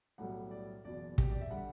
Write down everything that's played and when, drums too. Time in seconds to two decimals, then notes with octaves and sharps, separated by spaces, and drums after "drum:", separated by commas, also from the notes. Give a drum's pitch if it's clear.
0.18 B1 A2 G3 F#5
0.51 D5
0.84 F#1 E2 B2 D5
1.18 G4, drum: kick
1.31 D5
1.41 E5
1.50 D3 G3 F#5